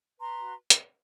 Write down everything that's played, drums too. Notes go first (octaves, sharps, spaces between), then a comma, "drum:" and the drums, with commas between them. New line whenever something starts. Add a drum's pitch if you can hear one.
B4 A#5 C6
F#4
drum: hi-hat